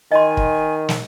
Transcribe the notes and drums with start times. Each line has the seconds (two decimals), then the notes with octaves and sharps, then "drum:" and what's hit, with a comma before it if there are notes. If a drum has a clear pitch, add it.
0.12 D#3 D#5 G#5 C6
0.37 drum: kick
0.89 drum: snare